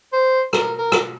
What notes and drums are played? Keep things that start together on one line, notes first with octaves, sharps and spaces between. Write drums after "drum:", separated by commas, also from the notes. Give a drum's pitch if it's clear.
C5
A#4, drum: rim click
A#4
drum: rim click